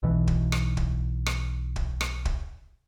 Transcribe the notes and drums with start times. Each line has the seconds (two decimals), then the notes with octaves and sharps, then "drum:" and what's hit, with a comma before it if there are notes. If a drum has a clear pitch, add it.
0.03 B1 B2 E3
0.27 drum: kick
0.52 drum: rim click
0.77 drum: kick
1.26 drum: rim click
1.76 drum: kick
2.01 drum: rim click
2.25 drum: kick